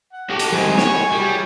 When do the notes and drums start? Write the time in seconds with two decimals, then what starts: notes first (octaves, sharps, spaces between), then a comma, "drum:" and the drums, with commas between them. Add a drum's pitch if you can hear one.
0.13 F#5
0.30 F#4 G4 A4
0.39 drum: cymbal
0.52 D#3 F3 G3 G#3 C4 G#5
0.78 F#4 C#5 B5 C#6, drum: snare
1.12 G3 F#4 G#4